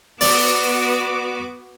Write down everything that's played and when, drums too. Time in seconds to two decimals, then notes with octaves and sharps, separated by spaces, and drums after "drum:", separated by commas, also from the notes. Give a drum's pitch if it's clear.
0.21 B3 F#4 D5 D6, drum: open hi-hat